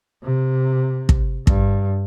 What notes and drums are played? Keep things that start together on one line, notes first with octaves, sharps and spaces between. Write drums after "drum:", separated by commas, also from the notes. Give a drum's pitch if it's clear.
C3
drum: kick
G2, drum: kick